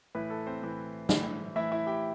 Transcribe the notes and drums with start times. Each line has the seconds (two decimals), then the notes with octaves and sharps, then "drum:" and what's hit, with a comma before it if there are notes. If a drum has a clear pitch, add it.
0.15 A2 E3 B4
0.30 A4
0.47 C4 C5
0.62 A2 E3
1.09 A2 E3, drum: snare
1.56 A2 E3 E4 E5
1.72 E4 E5
1.87 G4 G5